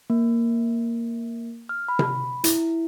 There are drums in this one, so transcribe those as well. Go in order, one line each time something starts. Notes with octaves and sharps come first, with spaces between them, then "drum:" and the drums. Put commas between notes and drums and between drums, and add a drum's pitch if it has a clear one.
A#3
F6
B5
drum: tom C3
E4, drum: hi-hat